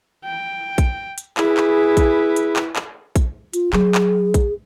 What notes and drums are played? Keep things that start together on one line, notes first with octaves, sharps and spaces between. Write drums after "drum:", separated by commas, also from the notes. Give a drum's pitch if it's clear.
G5
drum: kick, hi-hat
drum: hi-hat
E4 G#4 B4, drum: clap
drum: clap
drum: kick, hi-hat
drum: hi-hat
drum: clap
drum: clap
drum: kick, hi-hat
F4, drum: hi-hat
F#3 G#4, drum: clap
drum: clap
drum: kick, hi-hat